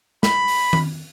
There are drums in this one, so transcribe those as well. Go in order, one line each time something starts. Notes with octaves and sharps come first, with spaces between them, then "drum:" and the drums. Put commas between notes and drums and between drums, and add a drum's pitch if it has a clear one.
B5, drum: snare
drum: open hi-hat
drum: tom D#3